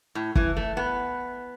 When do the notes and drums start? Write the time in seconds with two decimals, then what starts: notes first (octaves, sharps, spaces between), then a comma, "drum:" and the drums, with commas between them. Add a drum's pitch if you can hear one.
0.15 A2
0.35 E3, drum: kick
0.57 A3
0.77 B3